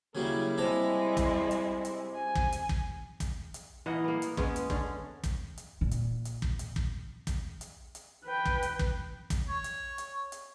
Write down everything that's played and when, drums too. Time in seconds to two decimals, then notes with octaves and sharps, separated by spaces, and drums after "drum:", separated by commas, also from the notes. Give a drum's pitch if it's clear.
0.15 C#3 F#3 G3 A#3 E4
0.58 C3 G3 G#3 E4 A4 A#5
1.17 drum: kick, hi-hat
1.51 drum: hi-hat
1.85 drum: hi-hat
2.15 G#5
2.36 drum: kick
2.52 drum: hi-hat
2.69 drum: kick
3.20 drum: kick, hi-hat
3.54 drum: hi-hat
3.86 E3 A#3 D#5 F#5
4.04 A#3 B3
4.22 drum: hi-hat
4.37 G#3 B3 C#4, drum: kick
4.56 drum: hi-hat
4.70 D3 C#4, drum: kick
5.24 drum: kick, hi-hat
5.58 drum: hi-hat
5.81 A#2
5.91 drum: hi-hat
6.25 drum: hi-hat
6.42 drum: kick
6.59 drum: hi-hat
6.76 drum: kick
7.27 drum: kick, hi-hat
7.61 drum: hi-hat
7.95 drum: hi-hat
8.25 B4 G5
8.46 drum: kick
8.63 drum: hi-hat
8.79 drum: kick
9.30 drum: kick, hi-hat
9.47 C#5
9.64 drum: hi-hat
9.98 drum: hi-hat
10.32 drum: hi-hat